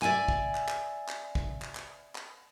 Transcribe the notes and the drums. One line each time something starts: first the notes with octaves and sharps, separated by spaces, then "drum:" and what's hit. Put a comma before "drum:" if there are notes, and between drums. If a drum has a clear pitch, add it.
D5 E5 G#5, drum: clap
drum: kick
drum: clap
drum: clap
drum: clap
drum: kick
drum: clap
drum: clap
drum: clap